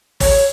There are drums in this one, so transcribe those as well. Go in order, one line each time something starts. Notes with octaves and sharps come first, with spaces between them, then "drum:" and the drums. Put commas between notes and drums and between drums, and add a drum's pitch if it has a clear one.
C#5, drum: kick, open hi-hat